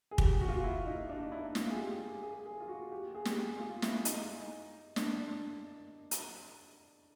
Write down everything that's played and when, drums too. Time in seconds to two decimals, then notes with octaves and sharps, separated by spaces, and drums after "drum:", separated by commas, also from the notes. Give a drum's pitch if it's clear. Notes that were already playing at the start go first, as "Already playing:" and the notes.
0.11 G#4
0.18 G4, drum: kick
0.41 F#4
0.48 F4
0.56 F#4
0.64 E4
0.87 D#4
1.09 D4
1.32 E4
1.55 F4, drum: snare
1.70 G#4
1.77 G4
2.23 G#4
2.46 G#4
2.60 F4
2.68 F#4
2.92 G4
3.15 G#4
3.25 G4, drum: snare
3.59 F4
3.82 E4, drum: snare
4.05 D#4, drum: hi-hat
4.96 D4, drum: snare
6.11 drum: hi-hat